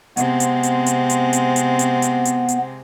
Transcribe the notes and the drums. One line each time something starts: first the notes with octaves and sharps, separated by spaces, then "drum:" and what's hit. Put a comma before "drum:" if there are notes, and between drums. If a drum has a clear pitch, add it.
C3 G#3 B3 C4, drum: hi-hat
drum: hi-hat
drum: hi-hat
drum: hi-hat
drum: hi-hat
drum: hi-hat
drum: hi-hat
drum: hi-hat
drum: hi-hat
drum: hi-hat
drum: hi-hat